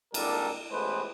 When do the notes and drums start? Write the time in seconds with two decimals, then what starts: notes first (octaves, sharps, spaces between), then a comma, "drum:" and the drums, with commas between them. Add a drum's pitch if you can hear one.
0.14 G#1 A#2 G3 D4 A4 A#4, drum: cymbal
0.71 A1 A2 G#3 B3 B4 C5